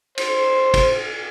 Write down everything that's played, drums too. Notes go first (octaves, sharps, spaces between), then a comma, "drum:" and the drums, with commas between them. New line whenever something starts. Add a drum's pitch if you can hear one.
C5, drum: cymbal
drum: kick, cymbal